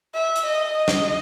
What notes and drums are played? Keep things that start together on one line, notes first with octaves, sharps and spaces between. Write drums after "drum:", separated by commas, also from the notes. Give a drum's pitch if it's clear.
E5
drum: hi-hat
D#5
D#5
drum: snare